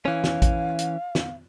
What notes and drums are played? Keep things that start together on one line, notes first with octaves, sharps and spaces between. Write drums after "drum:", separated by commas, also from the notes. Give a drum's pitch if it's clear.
E3 C#4 F5
drum: snare
drum: kick A1, hi-hat
drum: hi-hat
drum: snare